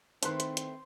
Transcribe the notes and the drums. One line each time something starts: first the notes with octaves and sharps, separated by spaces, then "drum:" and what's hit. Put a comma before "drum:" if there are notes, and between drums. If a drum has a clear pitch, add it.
D#3 A3 C4 E4 B4 C5 C6, drum: hi-hat
drum: hi-hat
drum: hi-hat